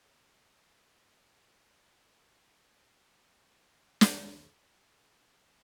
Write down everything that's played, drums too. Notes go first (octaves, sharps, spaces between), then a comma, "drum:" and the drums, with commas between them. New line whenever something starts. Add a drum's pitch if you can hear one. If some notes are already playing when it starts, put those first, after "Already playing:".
G#4 C#5 D#5 E5 F#5
D2 D3 E4 C6
drum: snare